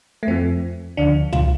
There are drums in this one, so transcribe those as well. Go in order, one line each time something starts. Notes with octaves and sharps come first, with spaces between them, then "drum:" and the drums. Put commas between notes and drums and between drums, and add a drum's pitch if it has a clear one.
A3
F2 F3 C4
D2 D3 F3 D4
F4, drum: tom C#2